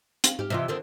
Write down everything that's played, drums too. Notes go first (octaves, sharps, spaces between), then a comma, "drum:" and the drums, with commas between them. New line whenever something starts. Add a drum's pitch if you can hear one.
C4 F5, drum: hi-hat
G#2 G4 F6
C3 E3 F4 G4 D#5 E5
D3 D#3 C4